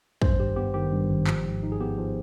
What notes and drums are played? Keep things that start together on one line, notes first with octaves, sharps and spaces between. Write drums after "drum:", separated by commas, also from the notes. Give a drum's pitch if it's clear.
G2 C5, drum: kick
G#1 G4
B3 G4
D#3 G4
G2
G#1
F3, drum: clap
G#2
D#4
G#4
B3 G4
F3